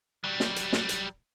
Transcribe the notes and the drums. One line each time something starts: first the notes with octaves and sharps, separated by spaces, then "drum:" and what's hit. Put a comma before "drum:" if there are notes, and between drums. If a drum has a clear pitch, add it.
F#3 G3
drum: snare
drum: hi-hat
drum: snare
drum: hi-hat